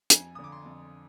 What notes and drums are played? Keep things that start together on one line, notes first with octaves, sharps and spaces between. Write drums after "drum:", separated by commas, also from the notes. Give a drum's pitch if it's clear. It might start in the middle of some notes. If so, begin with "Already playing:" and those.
F2 G#5, drum: hi-hat
D3 D#6
D6
C6
F2